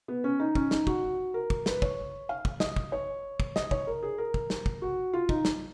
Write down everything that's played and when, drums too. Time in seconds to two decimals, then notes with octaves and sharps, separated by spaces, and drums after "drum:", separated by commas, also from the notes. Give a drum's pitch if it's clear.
0.08 B3
0.24 C#4
0.40 D#4
0.55 C#4, drum: kick
0.71 D#4, drum: snare
0.87 F#4, drum: kick
1.34 A#4
1.50 drum: kick
1.66 B4, drum: snare
1.82 C#5, drum: kick
2.29 F5
2.45 drum: kick
2.60 D#5, drum: snare
2.76 drum: kick
2.92 C#5
3.40 drum: kick
3.56 D#5, drum: snare
3.71 C#5, drum: kick
3.87 A#4
4.03 G#4
4.18 A#4
4.34 drum: kick
4.50 drum: snare
4.66 drum: kick
4.82 F#4
5.13 F4
5.29 D#4, drum: kick
5.45 drum: snare